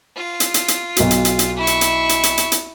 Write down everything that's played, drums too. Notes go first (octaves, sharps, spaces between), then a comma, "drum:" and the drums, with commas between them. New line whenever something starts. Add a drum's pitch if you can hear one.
F4
drum: hi-hat
drum: hi-hat
drum: hi-hat
B1 F#4, drum: hi-hat
drum: hi-hat
drum: hi-hat
drum: hi-hat
E4 C#6
drum: hi-hat
drum: hi-hat
drum: hi-hat
drum: hi-hat
drum: hi-hat
drum: hi-hat